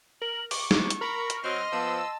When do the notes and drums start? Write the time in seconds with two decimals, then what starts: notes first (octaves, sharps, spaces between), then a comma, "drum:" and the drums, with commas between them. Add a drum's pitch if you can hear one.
0.22 A#4 F#7
0.51 C#6 D6, drum: open hi-hat
0.71 drum: snare
0.90 drum: hi-hat
1.01 A#4 A#5 B5
1.30 drum: hi-hat
1.44 F#3 C4 D#5 C6 F6
1.73 F3 B3 A5 E6